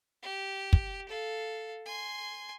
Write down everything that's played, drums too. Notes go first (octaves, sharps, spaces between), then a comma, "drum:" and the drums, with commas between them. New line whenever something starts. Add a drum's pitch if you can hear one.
G4
drum: kick
A4 F5
G#5 C6